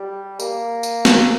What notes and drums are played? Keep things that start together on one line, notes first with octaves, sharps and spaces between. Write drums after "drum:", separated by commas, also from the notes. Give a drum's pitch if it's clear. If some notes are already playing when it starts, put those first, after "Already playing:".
Already playing: G3
A#3, drum: tambourine
drum: tambourine
drum: snare